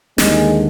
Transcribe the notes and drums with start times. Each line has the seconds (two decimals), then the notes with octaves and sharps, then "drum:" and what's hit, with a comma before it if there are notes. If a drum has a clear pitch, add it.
0.18 D#2 D3 G#3, drum: snare